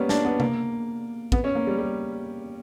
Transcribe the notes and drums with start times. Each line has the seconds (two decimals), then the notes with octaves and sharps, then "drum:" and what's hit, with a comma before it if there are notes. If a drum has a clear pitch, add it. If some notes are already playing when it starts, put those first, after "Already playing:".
Already playing: G3 A#3 B3 C#4
0.09 D4, drum: snare
0.25 B3
0.40 A#3, drum: tom C3
1.32 B3, drum: kick
1.44 C#4
1.55 A#3
1.67 G3
1.78 G3